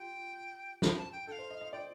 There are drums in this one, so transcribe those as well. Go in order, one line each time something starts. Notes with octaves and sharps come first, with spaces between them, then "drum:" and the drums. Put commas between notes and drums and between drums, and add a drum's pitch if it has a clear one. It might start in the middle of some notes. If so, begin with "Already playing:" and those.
Already playing: F4 G4 G5
F5, drum: snare
A5
G5
A4 F5 G5
C5
D#5
D#5
D5 G5